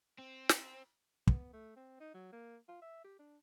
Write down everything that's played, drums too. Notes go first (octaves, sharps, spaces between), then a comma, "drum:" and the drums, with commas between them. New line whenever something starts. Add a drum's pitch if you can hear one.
C4
drum: snare
B3, drum: kick
A3
C4
D#4
F#3
A#3
F4
E5
G4
D4